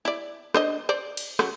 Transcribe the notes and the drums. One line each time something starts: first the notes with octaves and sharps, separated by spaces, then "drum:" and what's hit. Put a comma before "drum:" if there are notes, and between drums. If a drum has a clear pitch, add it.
E4 D5
D4 C5 D#5, drum: rim click
C5 D5
drum: cymbal
C#3 F#3, drum: rim click